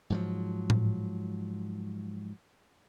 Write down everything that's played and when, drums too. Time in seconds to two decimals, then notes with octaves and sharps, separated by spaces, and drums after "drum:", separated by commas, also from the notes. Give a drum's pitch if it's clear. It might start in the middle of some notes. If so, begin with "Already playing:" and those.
0.10 G#2 F3 F#3
0.70 drum: tom A2